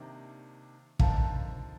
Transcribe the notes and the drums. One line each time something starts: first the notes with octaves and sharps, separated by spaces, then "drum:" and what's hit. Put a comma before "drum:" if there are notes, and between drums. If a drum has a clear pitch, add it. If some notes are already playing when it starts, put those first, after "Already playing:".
Already playing: C3 D#3 A#3 D4
D3 F3 C4 D#4 A#4 F5 A5, drum: kick